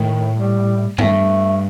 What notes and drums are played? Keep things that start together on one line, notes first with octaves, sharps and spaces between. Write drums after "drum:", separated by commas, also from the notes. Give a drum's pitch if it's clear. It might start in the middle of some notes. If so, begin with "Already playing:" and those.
Already playing: A2 D#3
G3
G2 A3, drum: tom G2